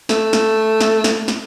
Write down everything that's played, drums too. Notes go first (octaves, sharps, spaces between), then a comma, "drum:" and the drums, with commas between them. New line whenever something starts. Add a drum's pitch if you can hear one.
A3, drum: snare
drum: snare
drum: snare
drum: snare
drum: snare